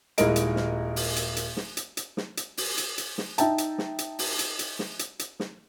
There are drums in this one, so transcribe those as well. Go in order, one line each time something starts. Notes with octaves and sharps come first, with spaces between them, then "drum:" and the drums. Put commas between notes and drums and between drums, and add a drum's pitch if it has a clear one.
D#1 G#3 E4 A#4 D#5 D7, drum: hi-hat
drum: hi-hat
drum: snare
drum: open hi-hat
drum: hi-hat
drum: hi-hat
drum: snare
drum: hi-hat
drum: hi-hat
drum: snare
drum: hi-hat
drum: open hi-hat
drum: hi-hat
drum: hi-hat
drum: snare
D#4 E5 G5 A5, drum: hi-hat
drum: hi-hat
drum: snare
drum: hi-hat
drum: open hi-hat
drum: hi-hat
drum: hi-hat
drum: snare
drum: hi-hat
drum: hi-hat
drum: snare